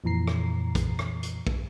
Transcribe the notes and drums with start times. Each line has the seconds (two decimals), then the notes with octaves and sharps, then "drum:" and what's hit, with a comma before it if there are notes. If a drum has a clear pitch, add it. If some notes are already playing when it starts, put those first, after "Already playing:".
0.04 F2 A#2 E3 A#5 C7
0.28 drum: rim click
0.75 drum: kick, hi-hat
0.99 drum: rim click
1.23 drum: hi-hat
1.47 drum: kick